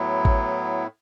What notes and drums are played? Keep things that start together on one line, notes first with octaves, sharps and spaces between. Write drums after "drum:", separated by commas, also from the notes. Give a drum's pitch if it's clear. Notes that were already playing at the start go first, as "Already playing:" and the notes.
Already playing: A2 F#3 B3 E4
drum: kick G#1